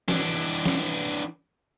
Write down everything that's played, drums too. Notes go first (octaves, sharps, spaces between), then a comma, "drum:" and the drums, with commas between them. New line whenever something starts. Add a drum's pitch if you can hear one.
E3 D4, drum: snare
drum: snare